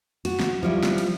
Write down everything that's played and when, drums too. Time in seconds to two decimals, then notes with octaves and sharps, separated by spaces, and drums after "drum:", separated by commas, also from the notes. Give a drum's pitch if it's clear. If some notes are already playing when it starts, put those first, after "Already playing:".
0.25 F#4, drum: cymbal
0.40 drum: snare
0.63 F3 G3 E4
0.83 drum: snare
0.98 drum: cymbal